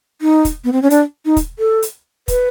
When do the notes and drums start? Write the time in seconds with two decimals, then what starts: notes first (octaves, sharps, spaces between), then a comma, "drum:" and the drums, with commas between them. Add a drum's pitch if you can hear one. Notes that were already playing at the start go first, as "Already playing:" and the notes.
0.21 D#4
0.45 drum: kick, hi-hat
0.64 B3
0.72 C4
0.82 C#4
0.90 D4, drum: hi-hat
1.25 D#4
1.37 drum: kick, hi-hat
1.59 A4
1.82 drum: hi-hat
2.28 B4, drum: kick, hi-hat